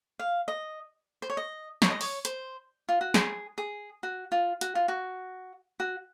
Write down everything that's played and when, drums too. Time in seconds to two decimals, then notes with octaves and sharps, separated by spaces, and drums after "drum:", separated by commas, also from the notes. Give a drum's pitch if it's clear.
0.19 F5
0.48 D#5
1.22 C5
1.30 C#5
1.37 D#5
1.82 C#5, drum: snare
1.90 D#5
2.01 C#5, drum: open hi-hat
2.25 C5, drum: hi-hat
2.89 F4
3.01 F#4
3.14 G#4, drum: snare
3.58 G#4
4.03 F#4
4.32 F4
4.61 F#4, drum: hi-hat
4.75 F4
4.88 F#4
5.80 F#4